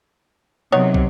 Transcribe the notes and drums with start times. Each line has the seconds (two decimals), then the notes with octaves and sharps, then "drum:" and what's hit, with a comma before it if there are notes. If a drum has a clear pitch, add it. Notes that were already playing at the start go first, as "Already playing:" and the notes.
0.72 C3 D#3 F#3 B3 C#5
0.94 drum: kick